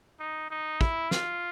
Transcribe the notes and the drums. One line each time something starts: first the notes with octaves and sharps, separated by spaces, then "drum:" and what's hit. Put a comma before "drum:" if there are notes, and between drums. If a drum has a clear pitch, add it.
D#4
D#4
E4, drum: kick
F4, drum: snare